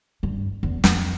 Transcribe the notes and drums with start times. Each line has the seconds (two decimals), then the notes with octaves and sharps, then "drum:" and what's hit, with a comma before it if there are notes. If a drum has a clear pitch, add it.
0.23 G2
0.63 E2
0.84 F2, drum: snare